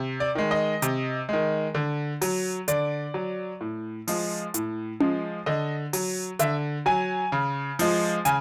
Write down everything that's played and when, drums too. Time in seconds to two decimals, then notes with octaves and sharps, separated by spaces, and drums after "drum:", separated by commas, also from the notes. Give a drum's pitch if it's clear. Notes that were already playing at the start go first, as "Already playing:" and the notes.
Already playing: C3
0.20 D5
0.35 D#3 G#3
0.51 D#5
0.82 C3, drum: hi-hat
1.29 D#3 G#3
1.75 D3
2.22 F#3, drum: open hi-hat
2.68 D3 D5, drum: hi-hat
3.14 F#3
3.61 A2
4.08 F3 G#3, drum: open hi-hat
4.54 A2, drum: hi-hat
5.00 F3 G#3, drum: tom C#4
5.46 D3 D#5
5.93 F#3, drum: open hi-hat
6.39 D3 E5, drum: hi-hat
6.86 F#3 G#5
7.32 C#3
7.79 F3 G#3, drum: open hi-hat
8.25 C#3 G#5, drum: hi-hat